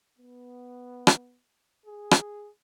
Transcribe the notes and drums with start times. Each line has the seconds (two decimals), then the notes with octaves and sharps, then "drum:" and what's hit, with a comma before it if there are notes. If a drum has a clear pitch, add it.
0.18 B3
1.07 drum: rim click
1.85 G#4
2.11 drum: rim click